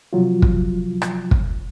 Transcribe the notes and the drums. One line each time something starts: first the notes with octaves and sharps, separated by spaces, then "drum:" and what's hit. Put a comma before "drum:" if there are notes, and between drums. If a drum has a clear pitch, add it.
C3 F3 F#3 F4
drum: kick
drum: rim click
drum: kick